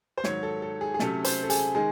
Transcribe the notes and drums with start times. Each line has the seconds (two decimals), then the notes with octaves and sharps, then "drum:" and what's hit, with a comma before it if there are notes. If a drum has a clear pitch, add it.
0.17 C5
0.24 G#2 D#3 F#3 C#5, drum: snare
0.43 A4
0.62 A4
0.81 G#4
0.94 G#4
0.99 C3 F#3 A3 C#4 A4, drum: snare
1.24 C5, drum: hi-hat
1.44 A4
1.50 G#4, drum: hi-hat
1.75 D#3 G#3 G#4